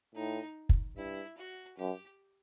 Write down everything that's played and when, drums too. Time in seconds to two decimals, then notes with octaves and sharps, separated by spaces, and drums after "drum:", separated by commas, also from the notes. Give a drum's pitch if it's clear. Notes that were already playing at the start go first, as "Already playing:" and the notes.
0.15 A2 D#4
0.69 drum: kick
0.97 G2 E4
1.37 F#4
1.78 F#2 G4